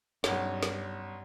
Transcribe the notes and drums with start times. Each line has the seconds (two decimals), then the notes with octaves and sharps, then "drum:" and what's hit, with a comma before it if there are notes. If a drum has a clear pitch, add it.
0.24 B1 G2 C#4, drum: snare
0.63 drum: snare